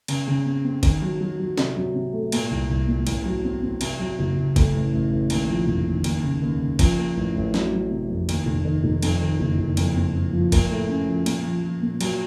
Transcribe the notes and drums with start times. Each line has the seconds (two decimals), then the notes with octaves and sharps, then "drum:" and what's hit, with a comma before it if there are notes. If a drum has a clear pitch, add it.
0.08 C#3, drum: cymbal
0.27 C#3
0.46 C4
0.65 C4
0.83 D#3, drum: kick, cymbal
1.02 F#3
1.21 F#3
1.39 F#3
1.58 C3, drum: snare
1.76 F#3
1.95 C3
2.13 A3
2.32 A#2, drum: cymbal
2.51 C2
2.69 C2
2.88 A#2
3.07 A1, drum: cymbal
3.25 F#3
3.44 C4
3.62 C4
3.81 C3, drum: cymbal
3.99 F#3
4.19 F#1
4.37 F#1
4.56 A3, drum: kick, cymbal
4.75 A1
4.93 A1
5.11 A1
5.30 D#2, drum: cymbal
5.49 F3
5.67 F1
5.85 D#2
6.04 D#2, drum: cymbal
6.23 C#3
6.42 D#2
6.61 C#3
6.79 F3, drum: kick, cymbal
6.98 A#3
7.17 A1
7.36 A1
7.54 F#3, drum: snare
7.72 F#3
7.91 C3
8.10 F2
8.29 D#2, drum: cymbal
8.46 F1
8.65 D#3
8.84 F1
9.03 F2, drum: cymbal
9.21 D#3
9.39 F#1
9.58 F#1
9.77 F2, drum: cymbal
9.96 C4
10.14 C4
10.33 F3
10.52 A#3, drum: kick, cymbal
10.70 A2
10.89 C#4
11.07 F3
11.26 A#2, drum: cymbal
11.45 F3
11.63 F3
11.82 A#2
12.01 F#3, drum: cymbal